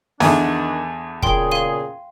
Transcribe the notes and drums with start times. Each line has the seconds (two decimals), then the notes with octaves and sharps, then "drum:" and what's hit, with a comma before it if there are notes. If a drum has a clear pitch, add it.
0.20 E2 D3 D#3 D4, drum: snare
1.23 A#2 C#3 G#4 G5 C6, drum: kick
1.51 F5 C6 D#7